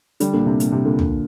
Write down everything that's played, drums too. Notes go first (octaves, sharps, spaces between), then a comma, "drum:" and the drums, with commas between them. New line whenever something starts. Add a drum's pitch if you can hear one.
D3 G3, drum: hi-hat
A#2 D3
C3
A#2, drum: hi-hat
C3
A#2 D3
drum: tom